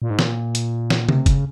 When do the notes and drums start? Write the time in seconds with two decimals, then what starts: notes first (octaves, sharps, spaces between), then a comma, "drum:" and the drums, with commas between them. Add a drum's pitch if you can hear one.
0.02 A#2
0.10 G#2
0.19 A#2, drum: snare
0.55 drum: hi-hat
0.90 drum: snare
1.09 C3, drum: tom C#3
1.26 C#3, drum: kick, hi-hat